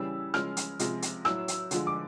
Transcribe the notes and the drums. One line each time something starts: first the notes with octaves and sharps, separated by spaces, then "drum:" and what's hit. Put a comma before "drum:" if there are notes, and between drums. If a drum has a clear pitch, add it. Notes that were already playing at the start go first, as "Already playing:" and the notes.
Already playing: C#3 E3 G3 E6
C#3 F3 G#3 F6, drum: rim click
drum: hi-hat
C3 F3 G#3, drum: hi-hat
drum: hi-hat
A2 F#3 E6, drum: rim click
drum: hi-hat
D3 F3 G#3, drum: hi-hat
D6